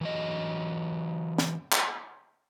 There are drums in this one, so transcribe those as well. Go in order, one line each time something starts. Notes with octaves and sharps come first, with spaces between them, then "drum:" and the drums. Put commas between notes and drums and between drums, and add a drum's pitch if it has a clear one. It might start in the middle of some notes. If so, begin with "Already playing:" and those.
E3 F#3 D#5
drum: snare
drum: clap